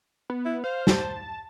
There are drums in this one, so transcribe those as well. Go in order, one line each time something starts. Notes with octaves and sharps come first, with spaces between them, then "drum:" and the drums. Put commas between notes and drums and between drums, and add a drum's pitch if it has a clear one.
B3
E4
C5 F5
A5, drum: snare